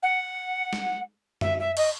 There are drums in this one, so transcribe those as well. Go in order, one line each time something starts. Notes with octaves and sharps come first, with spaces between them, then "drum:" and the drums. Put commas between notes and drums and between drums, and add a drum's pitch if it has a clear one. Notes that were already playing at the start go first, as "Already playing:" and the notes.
F#5
drum: snare
E5, drum: tom F#2
E5
D#5, drum: cymbal